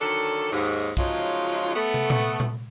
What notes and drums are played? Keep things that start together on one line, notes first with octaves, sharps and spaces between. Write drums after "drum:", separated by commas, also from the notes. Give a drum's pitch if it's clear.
D3 D#3 F#3 D4 A4
D#2 G#2, drum: open hi-hat
C#3 F3 F#3 G#3 D#4 F4, drum: kick
A3 B3
drum: tom
drum: tom A#2
drum: tom A#2